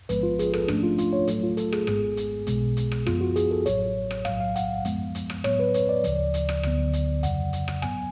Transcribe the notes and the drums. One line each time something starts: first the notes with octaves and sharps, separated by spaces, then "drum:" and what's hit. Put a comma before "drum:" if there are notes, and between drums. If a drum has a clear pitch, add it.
A1 G#2 F3 G#3 B3 B4, drum: hi-hat
F4
G#4, drum: hi-hat
A4, drum: rim click
G#2 F3 A3 C#4 D4, drum: rim click
F4
F4, drum: hi-hat
C#5
A2 F#3 A3 A4, drum: hi-hat
F4
A4, drum: hi-hat
G#4, drum: rim click
G#1 G#2 G#3 B3 G#4, drum: rim click
drum: hi-hat
B1 B2 G#3 B3, drum: hi-hat
drum: hi-hat
drum: rim click
F#2 F3 B3 F4, drum: rim click
F#4
G#4, drum: hi-hat
A4
A1 A2 F#3 C#5, drum: hi-hat
drum: rim click
B1 A2 F#3 F5, drum: rim click
F5
F#5, drum: hi-hat
F#2 F3 G#3 B3, drum: hi-hat
drum: hi-hat
drum: rim click
A2 F#3 B3 C#5, drum: rim click
B4
C#5, drum: hi-hat
D5
D2 C#3 F3, drum: hi-hat
drum: hi-hat
drum: rim click
D2 D3 F#3 B3, drum: rim click
drum: hi-hat
F2 C#3 F#3 F#5, drum: hi-hat
drum: hi-hat
drum: rim click
G#2 F#3 B3 G#5, drum: rim click